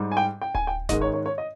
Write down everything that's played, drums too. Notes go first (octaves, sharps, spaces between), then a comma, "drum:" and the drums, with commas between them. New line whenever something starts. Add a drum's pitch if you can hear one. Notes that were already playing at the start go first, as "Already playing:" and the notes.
Already playing: G#2 G3
G#5
G5
G5
G#5, drum: kick D1
G5
G#2 D#3 G#3 D#5, drum: snare G1
C#5
C#5
C#5
D#5